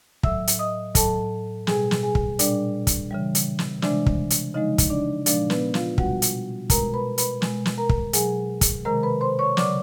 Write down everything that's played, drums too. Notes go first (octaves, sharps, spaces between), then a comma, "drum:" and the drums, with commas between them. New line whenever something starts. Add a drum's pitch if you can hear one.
A2 F#3 E5 E6, drum: kick
drum: hi-hat
D#5 D#6
A2 F#3 A4 A5, drum: kick, hi-hat
B2 G3 G#4 G#5, drum: snare
drum: snare
G#4 G#5
drum: kick
A#2 G3 D4 D5, drum: hi-hat
drum: kick, hi-hat
C#3 E3 G3
drum: hi-hat
drum: snare
C3 E3 G#3 D4 D5, drum: snare
drum: kick
drum: hi-hat
C#3 F3 G#3 D#4 D#5
drum: kick, hi-hat
D4 D5
A#2 F3 G#3 D4 D5, drum: hi-hat
B3 B4, drum: snare
F4 F5, drum: snare
B2 G3 F#4 F#5, drum: kick
drum: hi-hat
B2 G#3 A#4 A#5, drum: kick, hi-hat
B4 B5
B4 B5, drum: hi-hat
B2 G#3, drum: snare
drum: snare
A#4 A#5
drum: kick
B2 F#3 G#4 G#5, drum: hi-hat
drum: kick, hi-hat
C3 D#3 G#3 A#4 A#5
B4 B5
C5 C6
C#5 C#6
C#3 F#3 D5 D6, drum: snare